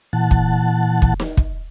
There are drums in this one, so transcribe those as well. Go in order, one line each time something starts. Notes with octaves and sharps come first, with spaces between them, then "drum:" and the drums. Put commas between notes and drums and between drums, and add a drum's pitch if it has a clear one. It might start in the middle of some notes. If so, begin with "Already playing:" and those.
A#2 E3 F#5 A5
drum: kick
drum: kick
drum: snare
drum: kick